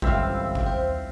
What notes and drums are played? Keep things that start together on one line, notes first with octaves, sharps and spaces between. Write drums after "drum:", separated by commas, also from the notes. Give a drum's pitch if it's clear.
G1 C#2 E3 G3 C4 F4 E5 F5, drum: kick G1
drum: kick G1
D#2 C5 G5